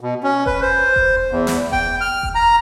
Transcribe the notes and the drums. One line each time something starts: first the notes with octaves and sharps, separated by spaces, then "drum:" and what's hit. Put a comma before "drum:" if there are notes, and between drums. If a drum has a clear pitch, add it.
B2
C#4
B4, drum: kick F1
C5
drum: kick F1
E2
drum: snare
G5, drum: kick F1
F6
drum: kick F1
A#5